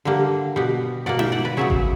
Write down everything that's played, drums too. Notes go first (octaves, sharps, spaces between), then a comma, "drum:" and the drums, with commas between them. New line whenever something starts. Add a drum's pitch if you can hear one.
D3 G3 A#3
B2 G3 B3
B2 A#3 D5 F#5
E5 G5, drum: tom D#4
D5 F#5
B4 D5
C#3 F#3 B3 C#5 E5
drum: kick G#1